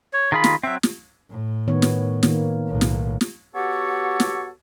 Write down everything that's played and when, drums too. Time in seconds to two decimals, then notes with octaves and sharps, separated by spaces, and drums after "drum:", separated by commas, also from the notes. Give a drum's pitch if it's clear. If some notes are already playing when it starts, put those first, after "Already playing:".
0.13 C#5
0.32 D#3 F4 G#4 B5
0.44 drum: snare
0.63 F#3 C4 E5
0.83 drum: snare
1.30 A2
1.68 D#3 B3 C#5
1.82 drum: snare
2.23 D#3 A#3, drum: snare
2.67 B1 A2
2.81 drum: snare
3.21 drum: snare
3.55 B3 F#4 G4 A4 C#5 F#5
4.20 drum: snare